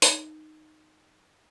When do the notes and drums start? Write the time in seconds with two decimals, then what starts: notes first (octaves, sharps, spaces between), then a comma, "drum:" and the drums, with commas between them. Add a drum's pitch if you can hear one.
0.02 D#4, drum: hi-hat